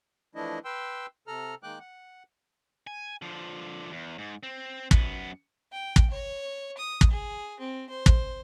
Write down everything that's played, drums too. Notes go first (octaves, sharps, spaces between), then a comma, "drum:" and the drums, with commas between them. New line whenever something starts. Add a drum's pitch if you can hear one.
E3 F3 A3 D4 E4 D#5
B4 G5 C6 E6
C3 A4 A#5 F6
D#3 G#3 A#3 G5 D6 F#6
F#5
G#5
D3 F3
E2
G#2
C4
F#2 B3, drum: kick
G5
drum: kick
C#5
D#6
drum: kick
G#4
C4
C5
drum: kick